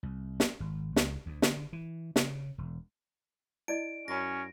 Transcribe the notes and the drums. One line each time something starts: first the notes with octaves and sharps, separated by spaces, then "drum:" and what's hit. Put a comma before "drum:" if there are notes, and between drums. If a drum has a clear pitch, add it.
C2
drum: snare
G#1
C#2, drum: snare
D2
D3, drum: snare
E3
C#3, drum: snare
E1
E4 D5 D#5 D7
F#2 C#4 A#6